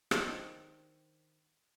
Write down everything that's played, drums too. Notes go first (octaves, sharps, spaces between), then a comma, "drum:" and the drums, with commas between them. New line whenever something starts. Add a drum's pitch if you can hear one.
D#3 C4 D4, drum: rim click